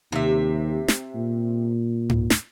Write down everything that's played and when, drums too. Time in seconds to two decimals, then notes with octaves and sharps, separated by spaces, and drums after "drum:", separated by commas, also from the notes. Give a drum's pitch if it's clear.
0.12 D#2 C3 E5
0.88 drum: snare
1.15 A#2
2.10 drum: tom G#2
2.30 drum: snare